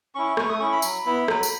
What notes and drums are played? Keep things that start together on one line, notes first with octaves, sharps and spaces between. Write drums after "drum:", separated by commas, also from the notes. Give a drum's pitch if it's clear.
C#4 E4 C#6
A3 C#6, drum: rim click
D#6
C#4 E4 C#6
B5
F#3, drum: tambourine
B3 E4
F#3, drum: rim click
drum: tambourine